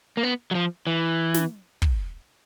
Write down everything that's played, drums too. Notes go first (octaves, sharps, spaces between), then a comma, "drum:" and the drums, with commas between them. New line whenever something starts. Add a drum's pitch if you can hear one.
A#3
B3
F#3
F3
E3
drum: snare
drum: kick